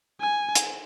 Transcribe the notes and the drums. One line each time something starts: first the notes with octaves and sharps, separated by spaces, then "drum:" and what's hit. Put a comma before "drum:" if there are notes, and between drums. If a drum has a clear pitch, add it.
G#5
drum: hi-hat